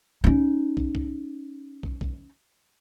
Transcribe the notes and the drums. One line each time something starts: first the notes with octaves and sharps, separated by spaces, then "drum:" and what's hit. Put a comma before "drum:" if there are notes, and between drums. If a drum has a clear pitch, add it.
C#4 D#4
drum: kick
drum: kick
drum: kick
drum: kick